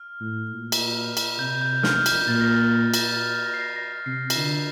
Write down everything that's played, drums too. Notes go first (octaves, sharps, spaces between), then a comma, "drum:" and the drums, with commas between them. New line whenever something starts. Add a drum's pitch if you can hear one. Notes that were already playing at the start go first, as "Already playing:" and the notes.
Already playing: F6
A2
A#2
drum: cymbal
drum: cymbal
C3 G6
G6
F6, drum: snare
G6, drum: cymbal
A#2 A6
A#6
A6
A#6, drum: cymbal
A6
G6
A#6
C7
A#6
A#6
C3 C7
A#6, drum: cymbal
D3 C7